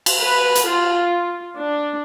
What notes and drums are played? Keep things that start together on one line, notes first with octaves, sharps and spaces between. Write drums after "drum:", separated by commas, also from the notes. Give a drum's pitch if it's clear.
drum: cymbal
B4
drum: hi-hat
F4
D4